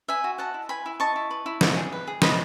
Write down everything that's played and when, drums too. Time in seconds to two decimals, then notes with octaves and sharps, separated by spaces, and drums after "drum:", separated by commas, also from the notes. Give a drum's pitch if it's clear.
0.08 B4 E5 G#5
0.24 F#4
0.38 D#5 F#5 A5
0.54 E4
0.69 B4 G#5 B5
0.86 E4
1.00 D#5 A5 C#6
1.16 E4
1.31 B4
1.46 E4
1.61 D#5, drum: snare
1.76 G#4
1.92 B4
2.07 G#4
2.22 D#5 B5 D#6, drum: snare